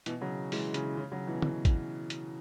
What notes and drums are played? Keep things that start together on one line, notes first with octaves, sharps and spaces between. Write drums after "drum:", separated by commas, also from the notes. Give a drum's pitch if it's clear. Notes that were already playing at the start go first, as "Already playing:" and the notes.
B2 E3, drum: hi-hat
C#3 F#3
E3 G#3, drum: open hi-hat
C#3, drum: hi-hat
C#3
C#3 F#3
B2 E3
drum: tom D3
drum: kick A1, hi-hat
drum: hi-hat